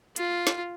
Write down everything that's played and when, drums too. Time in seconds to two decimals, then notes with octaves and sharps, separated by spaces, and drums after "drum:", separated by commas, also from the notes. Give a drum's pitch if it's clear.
0.16 F4, drum: hi-hat
0.47 drum: snare